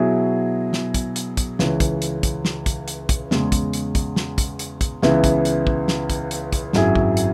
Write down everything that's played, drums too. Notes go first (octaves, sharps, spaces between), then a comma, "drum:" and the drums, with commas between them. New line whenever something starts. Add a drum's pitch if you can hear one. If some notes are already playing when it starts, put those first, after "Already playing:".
Already playing: B2 F#3 E4 G#4
drum: snare
drum: kick, hi-hat
drum: hi-hat
drum: kick, hi-hat
C#2 C#3 E3, drum: snare
drum: kick, hi-hat
drum: hi-hat
drum: kick, hi-hat
drum: snare
drum: kick, hi-hat
drum: hi-hat
drum: kick, hi-hat
E2 C#3 G#3, drum: snare
drum: kick, hi-hat
drum: hi-hat
drum: kick, hi-hat
drum: snare
drum: kick, hi-hat
drum: hi-hat
drum: kick, hi-hat
C#2 C#3 E3 B3 E4, drum: snare
drum: kick, hi-hat
drum: hi-hat
drum: kick
drum: snare
drum: kick, hi-hat
drum: hi-hat
drum: kick, hi-hat
G#1 F#2 F#3 E4 G#4, drum: snare
drum: kick
drum: hi-hat